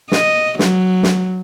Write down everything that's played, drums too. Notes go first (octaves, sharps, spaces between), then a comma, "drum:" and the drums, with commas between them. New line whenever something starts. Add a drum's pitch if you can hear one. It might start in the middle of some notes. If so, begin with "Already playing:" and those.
D#5, drum: snare
F#3, drum: snare
drum: snare